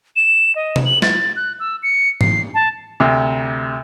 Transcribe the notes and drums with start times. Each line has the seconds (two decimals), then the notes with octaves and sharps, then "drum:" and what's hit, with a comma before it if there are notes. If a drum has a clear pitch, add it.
0.16 E7
0.55 D#5
0.76 drum: tom C3
0.85 F#7
1.02 A6, drum: snare
1.36 F#6
1.60 E6
1.83 C#7
2.21 C7, drum: tom
2.54 A5
3.00 D2 C3